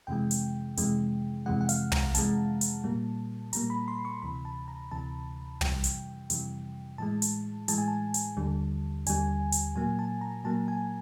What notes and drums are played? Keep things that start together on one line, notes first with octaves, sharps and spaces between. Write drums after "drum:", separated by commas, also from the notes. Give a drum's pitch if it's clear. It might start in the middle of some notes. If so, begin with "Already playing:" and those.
F2 C3 E3 G#3 G5
drum: hi-hat
F2 C3 E3 G#3, drum: hi-hat
F2 C3 E3 G#3 F#5
F#5
F5, drum: hi-hat
A#5, drum: tom
F2 C3 E3 G#3 A5, drum: hi-hat
drum: hi-hat
A#2 G3 A#3
A#2 G3 A#3 A#5, drum: hi-hat
B5
C6
C#6
D2 C3 E3 B5
A5
A#5
D2 C3 E3 A5
F2 C3 E3 G3 G5, drum: tom
drum: hi-hat
F2 C3 E3 G3, drum: hi-hat
A2 E3 G#3 A5
drum: hi-hat
A2 E3 G#3 A5, drum: hi-hat
G#5
A5
drum: hi-hat
D#2 D3 G3
D#2 D3 G3 G#5, drum: hi-hat
drum: hi-hat
A#2 F#3 A#3 G#5
A5
A#5
A#2 F#3 A#3 A5
G#5